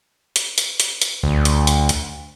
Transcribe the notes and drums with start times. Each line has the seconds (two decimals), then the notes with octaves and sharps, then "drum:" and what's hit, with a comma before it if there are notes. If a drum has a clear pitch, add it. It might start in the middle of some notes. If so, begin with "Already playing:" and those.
0.36 drum: hi-hat
0.58 drum: hi-hat
0.80 drum: hi-hat
1.02 drum: hi-hat
1.23 D2
1.45 drum: hi-hat
1.67 drum: hi-hat
1.89 drum: hi-hat